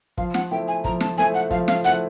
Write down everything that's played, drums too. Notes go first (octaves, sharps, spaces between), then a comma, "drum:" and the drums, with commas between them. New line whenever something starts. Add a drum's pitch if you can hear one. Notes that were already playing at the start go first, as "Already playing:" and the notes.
F3 F5, drum: kick
F#5, drum: snare
A3 C4 E4 G5
G#5
F3 A#5, drum: kick
A5, drum: snare
A3 C4 E4 G#5
F#5
F3 F5, drum: kick
F5, drum: snare
A3 C4 E4 F#5